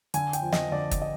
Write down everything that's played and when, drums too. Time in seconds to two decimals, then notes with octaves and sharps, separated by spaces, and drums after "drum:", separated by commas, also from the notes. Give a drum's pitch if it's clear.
0.14 D3 G#5, drum: hi-hat
0.33 G5, drum: hi-hat
0.43 F2
0.52 D#5, drum: snare
0.72 D3 D5
0.91 drum: kick, hi-hat
1.02 D#5